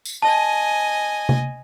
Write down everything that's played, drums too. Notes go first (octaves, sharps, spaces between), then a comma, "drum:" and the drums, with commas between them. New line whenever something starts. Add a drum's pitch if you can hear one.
drum: tambourine
D#5 G#5 A5
drum: tom C3